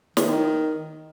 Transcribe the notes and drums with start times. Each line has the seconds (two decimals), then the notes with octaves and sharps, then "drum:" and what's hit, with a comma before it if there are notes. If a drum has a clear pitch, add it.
0.17 D#3, drum: snare